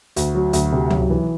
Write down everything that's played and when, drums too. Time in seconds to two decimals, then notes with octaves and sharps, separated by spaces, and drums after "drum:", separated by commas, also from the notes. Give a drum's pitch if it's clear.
0.16 D2, drum: hi-hat
0.35 F#3
0.53 D2, drum: hi-hat
0.72 C3
0.90 B1, drum: tom C#2
1.10 E3